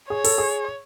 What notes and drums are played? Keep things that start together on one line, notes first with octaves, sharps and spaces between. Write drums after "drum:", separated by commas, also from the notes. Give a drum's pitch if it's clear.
G#4 C#5
A4, drum: open hi-hat
G#4